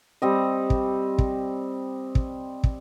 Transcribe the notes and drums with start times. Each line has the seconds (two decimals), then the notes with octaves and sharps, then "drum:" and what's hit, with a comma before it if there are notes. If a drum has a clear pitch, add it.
0.22 G3 C4 D#5
0.70 drum: kick
1.18 drum: kick
2.15 drum: kick
2.64 drum: kick